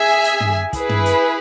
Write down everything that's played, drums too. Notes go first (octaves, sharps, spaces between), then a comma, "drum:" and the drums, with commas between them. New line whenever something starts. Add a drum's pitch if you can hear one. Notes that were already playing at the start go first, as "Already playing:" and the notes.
Already playing: G#4 E5 G#5
drum: hi-hat
drum: tom
E4 G#4 B4, drum: kick, hi-hat
drum: tom
drum: hi-hat